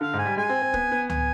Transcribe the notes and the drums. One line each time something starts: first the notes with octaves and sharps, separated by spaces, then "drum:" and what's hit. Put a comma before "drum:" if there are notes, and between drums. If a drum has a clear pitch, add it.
D3 F5
G#2
G#5
G3
G#3 G#5
C4
C4
B3, drum: kick
B3
G#5, drum: tom C#2